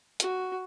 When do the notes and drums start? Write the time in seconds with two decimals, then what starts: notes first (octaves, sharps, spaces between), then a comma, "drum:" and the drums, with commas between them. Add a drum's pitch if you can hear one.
0.20 F#4, drum: hi-hat